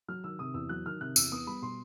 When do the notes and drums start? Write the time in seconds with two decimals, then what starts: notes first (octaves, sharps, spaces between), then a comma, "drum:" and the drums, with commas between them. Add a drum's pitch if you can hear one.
0.08 F#3 F6
0.24 D#3 E6
0.39 C3 D#6
0.54 E2 E6
0.69 F#3 F#6
0.86 D#3 F6
1.01 C3 F#6
1.16 E2 E6, drum: tambourine
1.31 B3 D#6
1.47 G3 B5
1.62 B2 C6